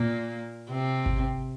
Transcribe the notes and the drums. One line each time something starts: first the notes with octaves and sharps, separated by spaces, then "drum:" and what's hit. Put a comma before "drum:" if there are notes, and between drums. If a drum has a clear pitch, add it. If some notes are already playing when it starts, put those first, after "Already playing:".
Already playing: A#2 A#3
C3 C4
drum: kick G#1